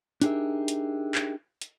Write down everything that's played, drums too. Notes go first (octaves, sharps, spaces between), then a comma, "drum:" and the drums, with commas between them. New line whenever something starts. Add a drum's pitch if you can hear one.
D4 D#4 G4 G#4 A#4 E5, drum: hi-hat
drum: hi-hat
drum: clap
drum: hi-hat